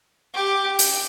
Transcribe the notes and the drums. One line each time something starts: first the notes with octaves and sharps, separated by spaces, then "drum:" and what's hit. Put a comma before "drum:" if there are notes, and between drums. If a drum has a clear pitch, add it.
G4
drum: hi-hat